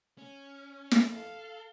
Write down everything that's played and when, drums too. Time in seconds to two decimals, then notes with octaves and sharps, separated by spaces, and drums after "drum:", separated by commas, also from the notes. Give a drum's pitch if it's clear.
0.18 C#4
0.91 drum: snare
1.12 A4 F5